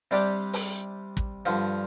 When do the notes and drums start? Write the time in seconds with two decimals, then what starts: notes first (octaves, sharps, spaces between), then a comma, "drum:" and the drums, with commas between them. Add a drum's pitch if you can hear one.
0.11 C3 G3 D4 G4 D5
0.53 drum: open hi-hat
1.17 drum: kick
1.46 G2 D3 F3